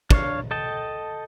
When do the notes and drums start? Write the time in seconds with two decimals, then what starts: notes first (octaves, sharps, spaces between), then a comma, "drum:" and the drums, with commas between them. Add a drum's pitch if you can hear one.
0.11 D4 C#5 F5, drum: kick
0.51 A4 D#5 G5 A5